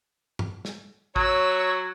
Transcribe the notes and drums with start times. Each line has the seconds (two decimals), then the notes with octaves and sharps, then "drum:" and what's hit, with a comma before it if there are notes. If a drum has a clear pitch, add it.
0.39 drum: tom
0.65 drum: snare
1.16 F#3 C#5 E6, drum: kick